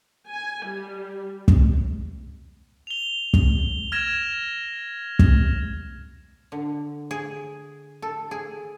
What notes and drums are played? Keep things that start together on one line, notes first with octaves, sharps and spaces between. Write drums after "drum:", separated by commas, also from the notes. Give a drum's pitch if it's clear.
G#5
G3
drum: kick
F7 G7
drum: kick
F6 G#6 A#6 E7
drum: kick
D3
G#4
A4
G#4